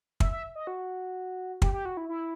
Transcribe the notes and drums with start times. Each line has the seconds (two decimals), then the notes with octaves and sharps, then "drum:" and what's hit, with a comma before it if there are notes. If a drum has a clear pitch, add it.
0.20 E5, drum: kick
0.32 E5
0.56 D#5
0.67 F#4
1.62 G4, drum: kick
1.73 G4
1.85 F#4
1.97 E4
2.09 E4